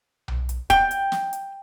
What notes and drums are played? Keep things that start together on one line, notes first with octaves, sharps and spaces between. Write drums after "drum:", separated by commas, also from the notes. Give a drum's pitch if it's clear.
drum: tom B1
drum: hi-hat
G5, drum: kick, hi-hat
drum: hi-hat
drum: snare
drum: hi-hat